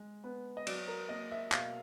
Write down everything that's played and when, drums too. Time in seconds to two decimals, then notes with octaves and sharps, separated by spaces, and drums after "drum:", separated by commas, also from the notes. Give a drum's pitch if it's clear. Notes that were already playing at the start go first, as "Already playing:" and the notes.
Already playing: G#3
0.24 B3
0.57 D#5
0.67 F#3 D5, drum: cymbal
0.88 A#4
1.09 A#3 D#5
1.31 E5
1.52 B2 F5, drum: clap